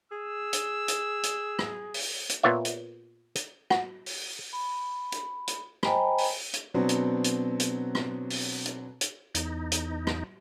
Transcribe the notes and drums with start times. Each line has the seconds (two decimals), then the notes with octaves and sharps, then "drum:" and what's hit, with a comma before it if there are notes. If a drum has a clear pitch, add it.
0.12 G#4 E6
0.53 drum: hi-hat
0.88 drum: hi-hat
1.23 drum: hi-hat
1.59 drum: rim click
1.94 drum: open hi-hat
2.29 drum: hi-hat
2.43 A#2 B3 F4 C#5 E5
2.65 drum: hi-hat
3.35 drum: hi-hat
3.70 F#4, drum: rim click
4.06 drum: open hi-hat
4.53 B5
5.12 drum: hi-hat
5.47 drum: hi-hat
5.83 C5 D#5 G5 G#5 A#5 B5, drum: rim click
6.18 drum: open hi-hat
6.53 drum: hi-hat
6.74 B2 F#3 B3 C4 D4
6.89 drum: hi-hat
7.24 drum: hi-hat
7.60 drum: hi-hat
7.95 drum: rim click
8.30 drum: open hi-hat
8.66 drum: hi-hat
9.01 drum: hi-hat
9.35 E2 D#4, drum: hi-hat
9.72 drum: hi-hat
10.07 drum: rim click